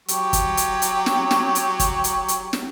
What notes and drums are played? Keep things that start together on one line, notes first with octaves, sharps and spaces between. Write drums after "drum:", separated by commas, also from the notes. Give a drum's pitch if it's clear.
F#3 G4 C#6, drum: hi-hat
drum: kick, hi-hat
drum: hi-hat
drum: hi-hat
drum: snare
drum: snare
drum: hi-hat
drum: kick, hi-hat
drum: hi-hat
drum: hi-hat
drum: snare